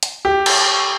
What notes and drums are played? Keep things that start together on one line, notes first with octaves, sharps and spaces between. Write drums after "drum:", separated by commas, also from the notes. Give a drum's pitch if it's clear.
drum: hi-hat
G4
drum: cymbal